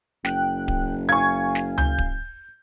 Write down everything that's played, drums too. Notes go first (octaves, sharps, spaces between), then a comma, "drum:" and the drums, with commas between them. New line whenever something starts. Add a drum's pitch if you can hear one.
F#1 G5 F#6, drum: snare
drum: kick D1
F5 G#5 C#6 G#6
drum: snare
G6, drum: tom C#2
drum: kick D1